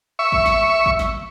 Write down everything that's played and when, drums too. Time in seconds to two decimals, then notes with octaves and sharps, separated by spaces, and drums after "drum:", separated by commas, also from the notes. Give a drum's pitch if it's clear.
0.19 E5 C#6
0.32 drum: kick G#1
0.46 drum: snare
0.86 drum: kick G#1
0.99 drum: snare